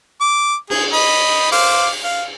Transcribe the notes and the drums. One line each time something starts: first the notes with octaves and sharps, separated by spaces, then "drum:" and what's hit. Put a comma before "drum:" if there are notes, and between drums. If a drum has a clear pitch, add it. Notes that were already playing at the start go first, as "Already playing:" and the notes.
D6
G#4, drum: cymbal
D#5 B5
C5 F5 D6, drum: open hi-hat
F5